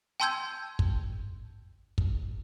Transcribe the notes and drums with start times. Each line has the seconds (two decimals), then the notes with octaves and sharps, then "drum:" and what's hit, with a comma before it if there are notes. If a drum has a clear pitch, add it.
0.20 G5 A5 C6 E6 G6 G#6
0.79 drum: kick
1.98 drum: kick